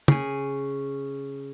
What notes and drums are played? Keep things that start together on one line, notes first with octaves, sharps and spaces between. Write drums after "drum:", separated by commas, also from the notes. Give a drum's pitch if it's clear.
C#3 G#5, drum: tom